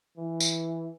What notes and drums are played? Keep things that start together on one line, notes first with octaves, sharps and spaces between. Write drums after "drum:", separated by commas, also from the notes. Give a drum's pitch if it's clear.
E3
drum: tambourine